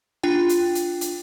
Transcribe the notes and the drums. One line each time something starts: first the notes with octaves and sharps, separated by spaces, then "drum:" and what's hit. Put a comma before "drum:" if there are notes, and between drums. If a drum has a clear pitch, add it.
D4 F4 G5
drum: hi-hat
drum: hi-hat
drum: hi-hat